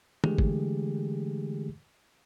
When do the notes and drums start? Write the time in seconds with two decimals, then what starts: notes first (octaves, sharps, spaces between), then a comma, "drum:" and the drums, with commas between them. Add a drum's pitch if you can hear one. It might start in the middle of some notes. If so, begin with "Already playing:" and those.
0.24 D3 E3 G#3 A3 G4 G#4, drum: tom
0.38 drum: kick G#1